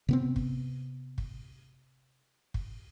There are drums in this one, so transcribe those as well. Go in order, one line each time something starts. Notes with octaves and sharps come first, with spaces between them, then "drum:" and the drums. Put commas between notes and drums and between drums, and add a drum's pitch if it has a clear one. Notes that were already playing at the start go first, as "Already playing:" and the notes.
C3 B3 C4
drum: kick
drum: kick
drum: kick